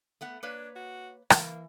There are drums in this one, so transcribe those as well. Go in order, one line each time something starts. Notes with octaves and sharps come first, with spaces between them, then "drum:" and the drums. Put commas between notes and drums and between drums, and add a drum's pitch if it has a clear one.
A3 B3 F#5
A#3 D4 B4 C#5
F#4
E3 A#3, drum: rim click